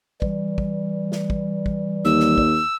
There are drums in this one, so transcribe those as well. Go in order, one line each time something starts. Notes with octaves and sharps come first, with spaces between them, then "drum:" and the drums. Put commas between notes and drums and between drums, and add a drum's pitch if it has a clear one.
E3 G3, drum: kick
drum: kick
drum: snare
drum: kick
drum: kick
D#2 E6
drum: snare
drum: kick